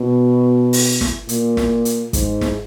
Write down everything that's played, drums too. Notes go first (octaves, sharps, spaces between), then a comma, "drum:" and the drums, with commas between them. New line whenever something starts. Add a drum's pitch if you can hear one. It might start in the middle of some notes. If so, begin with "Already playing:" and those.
Already playing: B2
drum: open hi-hat
drum: snare
A#2, drum: hi-hat
drum: snare
drum: hi-hat
G#2, drum: kick, hi-hat
drum: snare